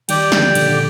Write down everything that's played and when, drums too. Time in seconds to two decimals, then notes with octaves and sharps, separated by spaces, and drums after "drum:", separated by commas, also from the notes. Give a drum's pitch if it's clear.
0.09 D#3 G3 G4 D5 G5, drum: cymbal
0.32 D3 F3, drum: snare
0.55 A#2 D3, drum: cymbal
0.68 D3